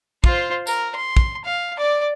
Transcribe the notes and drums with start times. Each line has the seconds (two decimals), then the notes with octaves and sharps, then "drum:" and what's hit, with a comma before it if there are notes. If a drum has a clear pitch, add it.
0.24 F4 C5, drum: kick
0.67 A#4, drum: tambourine
0.96 C6
1.17 drum: kick
1.45 F5
1.77 D5 D6